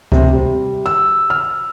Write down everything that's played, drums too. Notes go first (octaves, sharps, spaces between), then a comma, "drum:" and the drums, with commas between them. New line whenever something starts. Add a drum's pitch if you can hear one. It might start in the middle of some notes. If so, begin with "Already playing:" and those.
C3, drum: kick C#2
G3
E6
F6